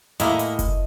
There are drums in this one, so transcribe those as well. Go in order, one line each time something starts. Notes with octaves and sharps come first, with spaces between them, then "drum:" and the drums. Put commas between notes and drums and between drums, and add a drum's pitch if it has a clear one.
A2 G#3 A#3 E4 D#5, drum: hi-hat
drum: hi-hat
drum: kick F#1, hi-hat